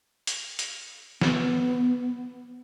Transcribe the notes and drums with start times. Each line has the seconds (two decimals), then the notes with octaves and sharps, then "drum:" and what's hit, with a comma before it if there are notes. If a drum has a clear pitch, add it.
0.27 drum: hi-hat
0.59 drum: hi-hat
1.21 B3, drum: snare